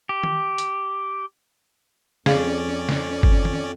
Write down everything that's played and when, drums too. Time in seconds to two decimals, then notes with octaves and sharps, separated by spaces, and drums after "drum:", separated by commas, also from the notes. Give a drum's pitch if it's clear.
0.09 G4
0.23 drum: tom D#3
0.58 drum: hi-hat
2.26 F2 C#4 G#4 D5 F5, drum: snare
2.89 drum: snare
3.23 drum: kick
3.45 drum: tom D#3